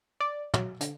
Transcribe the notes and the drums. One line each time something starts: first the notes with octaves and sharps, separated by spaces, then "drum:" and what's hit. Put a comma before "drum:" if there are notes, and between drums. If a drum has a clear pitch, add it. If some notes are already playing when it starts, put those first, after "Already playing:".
D5
F#3, drum: tom
D3, drum: hi-hat